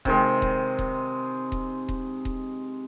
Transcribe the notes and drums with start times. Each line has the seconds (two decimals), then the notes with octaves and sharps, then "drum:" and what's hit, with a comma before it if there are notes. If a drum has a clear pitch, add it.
0.05 C3 D#3 G#3, drum: kick D#1
0.42 drum: kick D#1
0.78 drum: kick D#1
1.52 drum: kick D#1
1.88 drum: kick D#1
2.25 drum: kick D#1